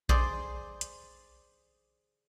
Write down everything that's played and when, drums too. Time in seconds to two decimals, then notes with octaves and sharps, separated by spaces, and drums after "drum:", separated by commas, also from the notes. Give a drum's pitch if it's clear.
0.09 G#4 C5 D5, drum: kick A#1
0.81 drum: hi-hat